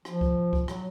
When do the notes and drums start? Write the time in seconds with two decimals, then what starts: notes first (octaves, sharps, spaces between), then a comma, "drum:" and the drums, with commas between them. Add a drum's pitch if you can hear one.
0.05 F3, drum: rim click
0.21 drum: kick C2
0.53 drum: kick C2
0.68 F#3, drum: rim click